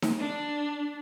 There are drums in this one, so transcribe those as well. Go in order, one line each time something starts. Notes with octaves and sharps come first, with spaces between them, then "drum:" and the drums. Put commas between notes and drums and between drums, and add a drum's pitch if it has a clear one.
drum: snare D#4
D4